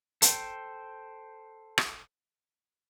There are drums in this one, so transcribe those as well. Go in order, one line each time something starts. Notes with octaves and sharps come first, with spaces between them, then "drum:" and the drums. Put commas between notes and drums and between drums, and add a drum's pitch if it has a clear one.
A4 C5 G5, drum: hi-hat
drum: rim click